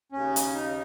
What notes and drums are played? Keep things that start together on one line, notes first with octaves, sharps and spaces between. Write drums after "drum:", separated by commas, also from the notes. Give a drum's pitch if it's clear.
D#2 C#3 C#4
drum: hi-hat
D#4